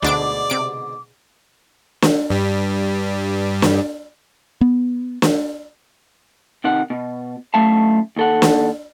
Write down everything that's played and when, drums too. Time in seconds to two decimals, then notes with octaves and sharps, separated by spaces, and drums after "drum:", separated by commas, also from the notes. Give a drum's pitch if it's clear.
0.03 D2 G#2 B2 D3 D4 D5 D6 D7
0.50 C3 D7
2.02 drum: snare
2.30 G2 G3
3.62 drum: snare
4.61 B3
5.22 drum: snare
6.64 C3 D#3 F#5
6.90 B2
7.54 F#2 A2 A3 E5 F5 A5
8.17 D#2 A4 F#5
8.42 drum: snare